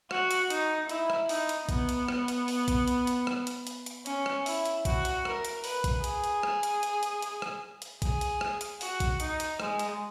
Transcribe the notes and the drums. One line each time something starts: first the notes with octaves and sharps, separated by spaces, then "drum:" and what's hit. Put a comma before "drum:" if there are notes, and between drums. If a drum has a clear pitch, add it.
F#4, drum: rim click
drum: hi-hat
D#4, drum: hi-hat
E4, drum: hi-hat
drum: rim click
D#4, drum: open hi-hat
drum: hi-hat
B3, drum: kick A#1, hi-hat
drum: hi-hat
drum: rim click
drum: hi-hat
drum: open hi-hat
drum: kick A#1, hi-hat
drum: hi-hat
drum: hi-hat
drum: rim click
drum: hi-hat
drum: hi-hat
drum: hi-hat
C#4, drum: hi-hat
drum: rim click
E4, drum: open hi-hat
drum: hi-hat
F#4, drum: kick A#1, hi-hat
drum: hi-hat
A#4, drum: rim click
drum: hi-hat
B4, drum: open hi-hat
drum: kick A#1, hi-hat
G#4, drum: hi-hat
drum: hi-hat
drum: rim click
drum: hi-hat
drum: hi-hat
drum: hi-hat
drum: hi-hat
drum: rim click
drum: hi-hat
G#4, drum: kick A#1, hi-hat
drum: hi-hat
drum: rim click
drum: hi-hat
F#4, drum: open hi-hat
drum: kick A#1, hi-hat
D#4, drum: hi-hat
drum: hi-hat
G#3, drum: rim click
drum: hi-hat